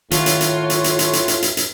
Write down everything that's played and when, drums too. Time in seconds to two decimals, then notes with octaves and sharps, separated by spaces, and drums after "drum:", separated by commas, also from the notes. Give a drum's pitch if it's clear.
0.11 A2 D#3 F4 F#4 C#5 A5, drum: hi-hat
0.26 drum: hi-hat
0.41 drum: hi-hat
0.70 drum: hi-hat
0.84 drum: hi-hat
0.99 drum: hi-hat
1.13 drum: hi-hat
1.28 drum: hi-hat
1.42 drum: hi-hat
1.57 drum: hi-hat